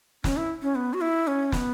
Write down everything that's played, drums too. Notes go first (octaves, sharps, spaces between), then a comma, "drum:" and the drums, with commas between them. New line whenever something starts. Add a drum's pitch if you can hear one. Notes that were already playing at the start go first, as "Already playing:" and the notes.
C#4, drum: snare
E4
C#4
B3
F#4
E4
C#4
B3, drum: snare